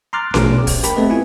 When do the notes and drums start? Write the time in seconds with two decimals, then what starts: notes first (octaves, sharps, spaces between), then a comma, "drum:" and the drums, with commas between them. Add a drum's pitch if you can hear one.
0.13 A#5 C6 D6 F6 F#6 A6
0.34 A#1 B2 A3 G#4 D6, drum: snare C#4
0.56 G4
0.67 drum: kick, open hi-hat
0.83 G4 A#4 A5 B5, drum: hi-hat
0.96 A3 B3 C4 G4 B4 D#5
1.10 E4 F4 G#5